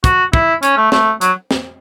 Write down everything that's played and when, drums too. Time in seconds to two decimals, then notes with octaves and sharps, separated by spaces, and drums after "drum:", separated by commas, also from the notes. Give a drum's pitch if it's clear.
0.04 F#4, drum: kick, hi-hat
0.33 E4, drum: kick
0.63 C#4, drum: hi-hat
0.77 A3
0.92 A3, drum: snare
1.21 F#3, drum: hi-hat
1.51 drum: snare